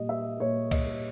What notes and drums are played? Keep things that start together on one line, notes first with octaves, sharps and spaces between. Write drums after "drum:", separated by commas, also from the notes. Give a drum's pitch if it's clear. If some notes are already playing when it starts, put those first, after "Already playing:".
Already playing: A#2 G3 D#5
E5
A#2 C#5
D#5, drum: kick C2, cymbal
G3